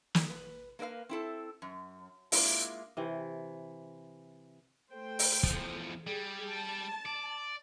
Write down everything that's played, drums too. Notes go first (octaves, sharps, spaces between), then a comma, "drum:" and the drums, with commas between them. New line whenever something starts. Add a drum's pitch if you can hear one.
drum: snare
B4
A#3 A#4 B4 E5 F5
C4 E4 A4
F#2
G#3 A#3 D4 E4 F4, drum: open hi-hat
C3 E3
A3 C5 G5
drum: open hi-hat
E2 F3, drum: kick
G3 G#4
A5
D5